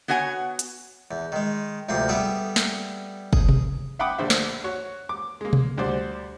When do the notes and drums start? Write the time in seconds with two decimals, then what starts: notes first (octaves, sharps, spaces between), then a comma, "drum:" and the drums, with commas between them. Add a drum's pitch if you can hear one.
0.08 B3 F#4 C#5 F#5 G#5
0.59 drum: hi-hat
1.11 E2
1.32 D#3 G#3
1.89 D2 C3 F3 A#3 C6
2.09 G3 B3 G#4 A4 D5 E5
2.56 drum: snare
3.33 G#4, drum: kick
3.49 drum: tom B2
3.99 E5 F#5 G5 B5 D6 D#6
4.18 A#1 D3 C5 E5
4.30 drum: snare
4.64 F#4 C#5
5.09 D6
5.41 G#3 A#3
5.53 drum: tom B2
5.78 D2 G3 C5 D5